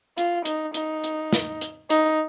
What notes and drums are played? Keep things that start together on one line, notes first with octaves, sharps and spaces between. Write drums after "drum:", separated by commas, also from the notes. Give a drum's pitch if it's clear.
F4, drum: hi-hat
D#4, drum: hi-hat
D#4, drum: hi-hat
drum: hi-hat
drum: snare
drum: hi-hat
D#4, drum: hi-hat